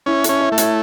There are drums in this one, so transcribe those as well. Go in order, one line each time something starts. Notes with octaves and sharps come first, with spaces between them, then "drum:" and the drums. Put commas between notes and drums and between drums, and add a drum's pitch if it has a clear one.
C#4 E4
C#4 A4, drum: hi-hat
E5
A3
C#5, drum: hi-hat